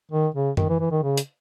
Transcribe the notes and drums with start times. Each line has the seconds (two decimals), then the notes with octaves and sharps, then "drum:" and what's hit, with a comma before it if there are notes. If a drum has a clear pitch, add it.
0.12 D#3
0.35 C#3
0.57 D#3, drum: tom F#2
0.69 E3
0.80 E3
0.91 D#3
1.03 C#3
1.18 drum: hi-hat